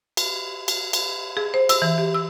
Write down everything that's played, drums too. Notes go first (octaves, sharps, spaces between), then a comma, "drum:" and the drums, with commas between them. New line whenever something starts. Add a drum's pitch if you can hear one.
drum: cymbal
drum: cymbal
drum: cymbal
G#4
C5
E6, drum: cymbal
E3
G4
E6